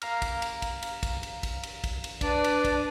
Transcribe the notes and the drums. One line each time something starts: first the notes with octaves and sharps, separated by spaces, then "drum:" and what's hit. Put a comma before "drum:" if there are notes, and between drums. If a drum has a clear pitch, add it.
F5 A#5 F6, drum: cymbal
drum: kick, cymbal
drum: cymbal
drum: kick, cymbal
drum: cymbal
drum: kick, cymbal
drum: cymbal
drum: kick, cymbal
drum: cymbal
drum: kick, cymbal
drum: cymbal
D4 B4 D5, drum: kick, cymbal
drum: cymbal
drum: kick, cymbal